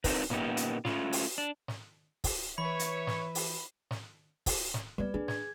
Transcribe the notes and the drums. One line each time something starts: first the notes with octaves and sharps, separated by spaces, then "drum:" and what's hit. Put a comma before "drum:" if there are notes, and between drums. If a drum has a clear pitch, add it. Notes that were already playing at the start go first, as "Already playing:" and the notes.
C4 D4 D#4 A#4 B4, drum: kick, open hi-hat
A#2 A#3 B3 C#4 D#4 G4, drum: snare
drum: hi-hat
A3 C#4 F4, drum: snare
drum: open hi-hat
D4
drum: snare
drum: kick, open hi-hat
E3 B4 C#5 E5 B5
drum: hi-hat
drum: snare
drum: open hi-hat
drum: snare
drum: kick, open hi-hat
drum: snare
G3 B3 B4 D5
D4 G#4
G#6, drum: snare